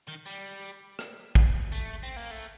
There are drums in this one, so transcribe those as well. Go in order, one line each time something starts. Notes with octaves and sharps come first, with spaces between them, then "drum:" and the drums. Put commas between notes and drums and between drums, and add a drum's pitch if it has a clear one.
D#3
G3
drum: rim click
drum: kick
A3
C4
A#3
A3